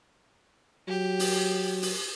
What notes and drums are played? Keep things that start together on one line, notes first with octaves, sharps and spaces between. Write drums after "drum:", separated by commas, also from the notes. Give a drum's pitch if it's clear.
F#3 G4
drum: open hi-hat
drum: open hi-hat